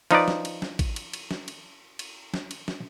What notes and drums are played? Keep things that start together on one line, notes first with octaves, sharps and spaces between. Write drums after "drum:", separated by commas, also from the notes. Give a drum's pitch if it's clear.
F3 D#4 B4 D5, drum: cymbal
drum: snare
drum: cymbal
drum: snare
drum: kick A1, cymbal
drum: cymbal
drum: cymbal
drum: snare
drum: cymbal
drum: cymbal
drum: snare
drum: cymbal
drum: snare